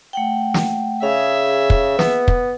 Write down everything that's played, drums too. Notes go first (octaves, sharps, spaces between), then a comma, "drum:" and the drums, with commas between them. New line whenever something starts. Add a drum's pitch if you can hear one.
A3 F#5 G5
drum: snare
C#3 G#4 E5 F5
drum: kick
B3, drum: snare
drum: kick